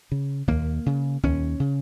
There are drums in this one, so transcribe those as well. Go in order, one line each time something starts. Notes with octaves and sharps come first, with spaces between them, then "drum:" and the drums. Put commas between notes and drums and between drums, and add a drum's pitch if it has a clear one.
C#3
D#2 A#3, drum: kick C#2
C#3
D#2 C#4, drum: kick C#2
C#3